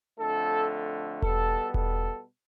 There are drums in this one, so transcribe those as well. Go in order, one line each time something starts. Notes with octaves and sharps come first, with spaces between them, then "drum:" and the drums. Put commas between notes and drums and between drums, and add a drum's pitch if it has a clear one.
F2 D3 A3 A4
B2 G3 B3 A4, drum: kick E1
A4, drum: kick E1